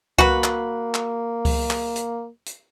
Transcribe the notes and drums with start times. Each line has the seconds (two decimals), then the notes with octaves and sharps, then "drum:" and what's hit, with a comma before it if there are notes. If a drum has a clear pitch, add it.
0.18 A#3 F#4 B4, drum: kick C#2
0.44 drum: clap
0.94 drum: clap
1.45 drum: kick C#2, open hi-hat
1.70 drum: clap
1.96 drum: hi-hat
2.46 drum: hi-hat